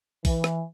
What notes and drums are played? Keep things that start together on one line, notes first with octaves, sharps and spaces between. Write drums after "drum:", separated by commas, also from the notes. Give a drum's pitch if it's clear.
E3, drum: kick A#1, open hi-hat
drum: rim click